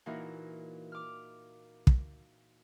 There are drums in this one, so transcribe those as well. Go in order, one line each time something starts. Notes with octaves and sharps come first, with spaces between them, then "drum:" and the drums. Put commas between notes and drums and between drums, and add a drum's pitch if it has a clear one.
A#2 E3 D#4 E4 F#4 A#4
D6 F6
drum: kick